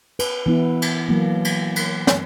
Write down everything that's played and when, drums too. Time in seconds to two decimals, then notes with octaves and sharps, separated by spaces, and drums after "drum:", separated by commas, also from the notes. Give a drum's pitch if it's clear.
0.19 B4, drum: cymbal
0.46 E3 B3 E4
0.82 drum: cymbal
1.09 E3 F#3 A#3
1.45 drum: cymbal
1.76 drum: cymbal
2.07 drum: snare